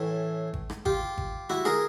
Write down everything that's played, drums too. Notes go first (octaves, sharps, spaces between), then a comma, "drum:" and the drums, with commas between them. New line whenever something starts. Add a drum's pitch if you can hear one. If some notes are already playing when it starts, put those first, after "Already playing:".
Already playing: A2 E3 A3 C#4
drum: kick G#1
drum: rim click
F4 G4, drum: kick G#1
drum: kick G#1
E4 F#4, drum: rim click
G#4 A#4, drum: rim click